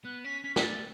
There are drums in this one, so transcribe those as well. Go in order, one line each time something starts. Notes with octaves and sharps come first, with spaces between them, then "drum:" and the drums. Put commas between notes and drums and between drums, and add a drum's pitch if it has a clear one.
B3 F#6
C#4 B6
C#4 B6
B6, drum: snare
A3 A6